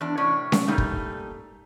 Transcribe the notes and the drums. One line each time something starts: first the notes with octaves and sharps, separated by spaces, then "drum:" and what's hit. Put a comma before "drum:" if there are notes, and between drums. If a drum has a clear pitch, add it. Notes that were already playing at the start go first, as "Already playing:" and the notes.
E2 D4
A2 C3 C#4 C#5 D5
drum: snare C#4
A#2 G3 A3 D#4
drum: kick